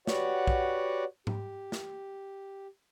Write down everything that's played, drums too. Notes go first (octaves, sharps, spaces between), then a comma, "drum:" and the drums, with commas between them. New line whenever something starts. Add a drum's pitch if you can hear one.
F#4 G4 B4 C#5 D5 F#5, drum: snare
drum: kick
G4, drum: tom G#2
drum: snare